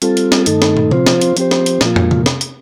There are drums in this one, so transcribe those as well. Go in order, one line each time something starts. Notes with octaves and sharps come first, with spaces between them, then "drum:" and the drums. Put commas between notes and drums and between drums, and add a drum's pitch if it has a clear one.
G3 C4 F4 A4, drum: hi-hat
drum: hi-hat
drum: snare
G2 D#3 A3 D#4 A4, drum: hi-hat
drum: snare
drum: tom
F3 C4 F4 C5, drum: tom C3
drum: snare
drum: hi-hat
F3 C4 G4 C5, drum: hi-hat
drum: snare
drum: hi-hat
A#2 F3 A#3 F4, drum: snare
drum: tom
drum: tom C3
drum: snare
drum: hi-hat